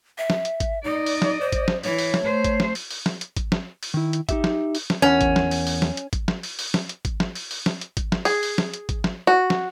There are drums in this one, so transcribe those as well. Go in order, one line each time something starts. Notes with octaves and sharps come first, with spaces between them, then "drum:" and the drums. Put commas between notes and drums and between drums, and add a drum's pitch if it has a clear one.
E5
drum: snare
drum: hi-hat
drum: kick G#1, hi-hat
D#4 D5 D#5
drum: open hi-hat
drum: snare
C5
drum: kick G#1, hi-hat
drum: snare
E3 C#5, drum: open hi-hat
drum: open hi-hat
drum: snare
A3 C5
drum: kick G#1, hi-hat
drum: snare
drum: open hi-hat
drum: open hi-hat
drum: snare
drum: hi-hat
drum: kick G#1, hi-hat
drum: snare
drum: open hi-hat
D#3 E4
drum: hi-hat
D#4 G4 E5, drum: kick G#1, hi-hat
drum: snare
drum: open hi-hat
drum: snare
E2 C#4 A#4 F#5
drum: kick G#1, hi-hat
drum: snare
drum: open hi-hat
drum: open hi-hat
drum: snare
drum: hi-hat
drum: kick G#1, hi-hat
drum: snare
drum: open hi-hat
drum: open hi-hat
drum: snare
drum: hi-hat
drum: kick G#1, hi-hat
drum: snare
drum: open hi-hat
drum: open hi-hat
drum: snare
drum: hi-hat
drum: kick G#1, hi-hat
drum: snare
G#4, drum: open hi-hat
drum: open hi-hat
drum: snare
drum: hi-hat
drum: kick G#1, hi-hat
drum: snare
F#4
drum: snare